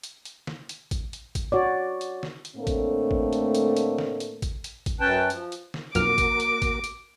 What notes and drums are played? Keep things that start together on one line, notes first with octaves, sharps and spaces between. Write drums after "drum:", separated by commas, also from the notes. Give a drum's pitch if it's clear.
drum: hi-hat
drum: hi-hat
drum: snare
drum: hi-hat
drum: kick G#1, hi-hat
drum: hi-hat
drum: kick G#1, hi-hat
F#4 C#5 D5
drum: hi-hat
drum: snare
drum: hi-hat
A2 D3 A3 A#3 C4 D4
drum: kick G#1, hi-hat
drum: kick G#1
drum: hi-hat
drum: hi-hat
drum: hi-hat
drum: snare
drum: hi-hat
drum: kick G#1, hi-hat
drum: hi-hat
drum: kick G#1, hi-hat
F#2 C#4 B4 G5 A5
F3, drum: hi-hat
drum: hi-hat
drum: snare
B1 F2 A#3 F#4 A#4 D6 F6, drum: hi-hat
drum: kick G#1, hi-hat
drum: hi-hat
drum: kick G#1, hi-hat
drum: hi-hat